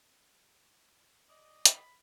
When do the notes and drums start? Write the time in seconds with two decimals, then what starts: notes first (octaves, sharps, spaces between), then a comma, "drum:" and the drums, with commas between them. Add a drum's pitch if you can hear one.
1.28 D5 D#5
1.65 B5, drum: hi-hat